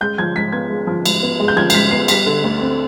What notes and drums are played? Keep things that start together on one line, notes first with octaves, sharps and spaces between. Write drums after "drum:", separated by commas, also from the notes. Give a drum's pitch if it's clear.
G#3 G6
F3 G#6
G#2 B6
B3 G#6
G#3
F3
G#2, drum: cymbal
B3
G#3
G6
F3 G#6
C7, drum: cymbal
G#2 B6
B3 C7
G3 B6, drum: cymbal
D3
D2
C4